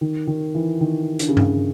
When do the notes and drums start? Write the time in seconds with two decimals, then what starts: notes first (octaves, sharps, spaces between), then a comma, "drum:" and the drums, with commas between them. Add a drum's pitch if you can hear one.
0.01 D#3
0.27 D#3
0.55 E3
0.81 D#3
1.19 D3, drum: hi-hat
1.29 C#3
1.37 D3, drum: tom G2